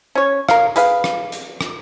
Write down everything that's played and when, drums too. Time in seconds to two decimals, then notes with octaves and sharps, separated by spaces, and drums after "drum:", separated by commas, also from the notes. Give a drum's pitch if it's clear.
0.15 C#4 C#5
0.49 A#4 F5, drum: rim click
0.76 G#4 B4 F5, drum: hi-hat
1.04 drum: rim click
1.32 drum: hi-hat
1.61 drum: rim click